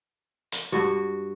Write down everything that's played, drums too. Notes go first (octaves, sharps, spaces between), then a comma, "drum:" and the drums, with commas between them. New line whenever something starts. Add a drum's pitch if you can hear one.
drum: hi-hat
G2 F#4